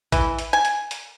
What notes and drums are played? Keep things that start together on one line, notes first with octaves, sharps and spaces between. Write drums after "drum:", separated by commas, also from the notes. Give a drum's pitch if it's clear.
E3, drum: kick A1, hi-hat
drum: hi-hat
G#5
drum: hi-hat
drum: hi-hat